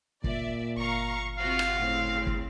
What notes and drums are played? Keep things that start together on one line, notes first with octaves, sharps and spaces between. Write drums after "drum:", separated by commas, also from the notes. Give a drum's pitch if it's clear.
A#2 D5 E5, drum: kick
G1 F5 A#5 C#6
C3 F4 F#4 F5
drum: rim click
A2 C#3 C4
drum: kick